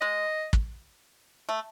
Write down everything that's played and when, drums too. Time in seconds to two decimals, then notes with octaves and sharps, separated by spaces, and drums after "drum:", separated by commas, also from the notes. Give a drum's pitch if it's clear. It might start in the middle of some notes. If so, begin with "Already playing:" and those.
0.01 G#3 D#5
0.53 drum: kick
1.49 A3